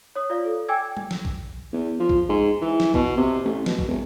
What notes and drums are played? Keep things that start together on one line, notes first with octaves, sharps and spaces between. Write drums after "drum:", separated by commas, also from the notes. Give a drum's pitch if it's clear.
C#5 D#6
F4 D5 F5
A4
G5 G#5 D6 E6 G#6
drum: tom G3
drum: snare
drum: kick
E2
F3
drum: kick
G#2
E3
drum: snare
B2, drum: kick
C3
A1
B2, drum: snare
drum: kick
E1